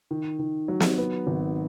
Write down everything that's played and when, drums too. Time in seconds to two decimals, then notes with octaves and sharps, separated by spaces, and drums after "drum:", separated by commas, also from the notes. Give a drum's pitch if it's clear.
0.11 D#3
0.39 D#3
0.68 F#3
0.80 drum: snare
0.97 B3
1.27 G#1